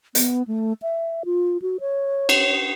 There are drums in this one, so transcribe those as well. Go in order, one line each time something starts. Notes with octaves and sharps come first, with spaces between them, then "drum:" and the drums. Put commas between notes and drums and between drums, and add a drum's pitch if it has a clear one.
B3, drum: hi-hat
A3
E5
F4
F#4
C#5
drum: cymbal